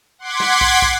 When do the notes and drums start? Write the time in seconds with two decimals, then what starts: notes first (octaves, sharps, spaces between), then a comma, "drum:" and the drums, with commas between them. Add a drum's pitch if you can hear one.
0.19 F#5 C6 D6 G#6 B6
0.40 drum: snare
0.61 drum: kick
0.82 drum: kick